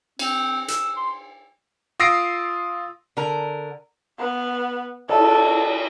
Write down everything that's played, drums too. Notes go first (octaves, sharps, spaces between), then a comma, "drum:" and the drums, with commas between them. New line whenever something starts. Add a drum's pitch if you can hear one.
C4, drum: cymbal
E6, drum: hi-hat
C6
F4 D#6 E6 A#6 C7 D7
D3 A#4
B3
A4, drum: cymbal